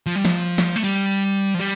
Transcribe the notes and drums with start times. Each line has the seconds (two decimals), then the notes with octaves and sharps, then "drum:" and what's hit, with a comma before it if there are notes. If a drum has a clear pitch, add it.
0.06 F3
0.16 G3
0.25 F3, drum: snare
0.58 drum: snare
0.76 A3
0.84 G3, drum: open hi-hat
1.54 F3
1.60 G3